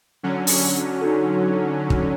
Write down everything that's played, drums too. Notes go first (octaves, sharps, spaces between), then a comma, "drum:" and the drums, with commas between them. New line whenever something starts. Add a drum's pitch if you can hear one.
D3 F#3 C#4
drum: open hi-hat
D#4 F#4 A4
drum: kick